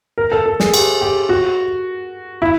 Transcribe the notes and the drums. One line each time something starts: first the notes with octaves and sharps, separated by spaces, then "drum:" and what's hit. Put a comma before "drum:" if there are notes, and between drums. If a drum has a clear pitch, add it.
A#4
A4
A4
G#4, drum: snare
G4, drum: cymbal
G4
F#4
E4